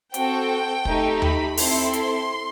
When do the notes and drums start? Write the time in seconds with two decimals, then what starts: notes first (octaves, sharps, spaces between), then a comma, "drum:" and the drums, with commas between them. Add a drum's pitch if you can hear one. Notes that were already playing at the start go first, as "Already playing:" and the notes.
0.14 C4 F#4 A4 G5, drum: hi-hat
0.85 A3 D#4 G4, drum: kick
1.22 B5, drum: tom D#2
1.57 C4 E4 A4 C6, drum: open hi-hat
1.93 drum: hi-hat